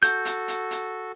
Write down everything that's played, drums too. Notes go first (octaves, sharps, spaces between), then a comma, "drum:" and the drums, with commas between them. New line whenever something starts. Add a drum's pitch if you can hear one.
F#4 A4 G6, drum: hi-hat
drum: hi-hat
drum: hi-hat
drum: hi-hat